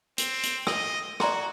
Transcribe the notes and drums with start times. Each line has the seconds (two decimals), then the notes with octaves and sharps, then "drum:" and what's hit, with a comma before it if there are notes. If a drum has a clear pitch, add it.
0.18 C4, drum: hi-hat
0.43 drum: hi-hat
0.67 D#5 E6, drum: rim click
1.20 F#4 D5 A#5 C6, drum: rim click